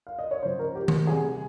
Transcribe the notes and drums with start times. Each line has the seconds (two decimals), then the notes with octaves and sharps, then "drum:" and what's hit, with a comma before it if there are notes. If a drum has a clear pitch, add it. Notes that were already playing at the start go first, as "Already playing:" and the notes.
0.07 F5
0.19 D#5
0.31 C#5
0.42 C#3 F3 C5
0.59 A#4
0.75 G4
0.88 drum: tom D#3
1.07 C3 G3 G#4